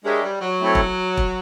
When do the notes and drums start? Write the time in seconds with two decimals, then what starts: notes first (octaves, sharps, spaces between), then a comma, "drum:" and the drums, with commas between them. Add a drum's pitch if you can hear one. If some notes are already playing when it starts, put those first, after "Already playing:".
0.05 G#3 D4 G4 A#4 C#5 E5
0.23 G3
0.41 F#3
0.60 A3 C4 E4 A4 C#5
0.75 drum: kick E1
1.17 drum: kick E1